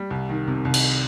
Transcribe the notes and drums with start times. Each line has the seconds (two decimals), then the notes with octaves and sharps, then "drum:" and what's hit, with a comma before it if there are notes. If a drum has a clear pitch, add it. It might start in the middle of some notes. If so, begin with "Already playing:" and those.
Already playing: G3
0.11 C2
0.29 D#3
0.47 C3
0.65 C2
0.74 drum: cymbal